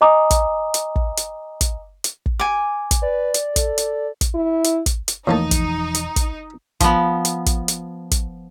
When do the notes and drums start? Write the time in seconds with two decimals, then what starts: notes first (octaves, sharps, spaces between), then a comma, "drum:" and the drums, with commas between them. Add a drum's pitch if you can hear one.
0.01 D#5 G#5 A#5 D6 D#6
0.31 drum: kick, hi-hat
0.74 drum: hi-hat
0.96 drum: kick
1.17 drum: hi-hat
1.61 drum: kick, hi-hat
2.04 drum: hi-hat
2.26 drum: kick
2.39 G#5 D6
2.91 drum: kick, hi-hat
3.02 B4 D5
3.34 drum: hi-hat
3.56 A4, drum: kick, hi-hat
3.78 drum: hi-hat
4.21 drum: kick, hi-hat
4.35 E4
4.64 drum: hi-hat
4.86 drum: kick, hi-hat
5.08 drum: hi-hat
5.27 E1 A2 E3 F3 A#3 D#4 A5
5.51 drum: kick, hi-hat
5.95 drum: hi-hat
6.16 drum: kick, hi-hat
6.80 F3 B3, drum: kick, hi-hat
7.25 drum: hi-hat
7.46 drum: kick, hi-hat
7.68 drum: hi-hat
8.11 drum: kick, hi-hat